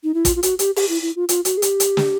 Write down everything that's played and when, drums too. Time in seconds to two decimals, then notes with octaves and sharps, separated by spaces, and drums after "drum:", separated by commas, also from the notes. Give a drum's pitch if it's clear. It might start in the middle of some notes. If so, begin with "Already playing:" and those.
0.04 D#4
0.14 E4
0.25 F4, drum: kick, hi-hat
0.36 F4
0.43 F#4, drum: hi-hat
0.59 G4, drum: hi-hat
0.76 G4, drum: open hi-hat
0.89 E4
1.02 E4
1.16 F4
1.29 F4, drum: hi-hat
1.45 F#4, drum: hi-hat
1.58 G#4
1.62 G4, drum: hi-hat
1.80 drum: hi-hat
1.97 drum: snare